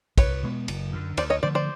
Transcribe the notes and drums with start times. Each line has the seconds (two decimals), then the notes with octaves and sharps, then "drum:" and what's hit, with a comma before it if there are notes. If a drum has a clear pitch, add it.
0.18 C2 B4 C#5, drum: kick, cymbal
0.43 B2 G#3 B3
0.68 F#1, drum: cymbal
0.92 F#2 D3
1.17 D2 C5 D5, drum: cymbal
1.30 C#5 D#5
1.43 D3 F3 A3 C5 D5
1.55 C5 D5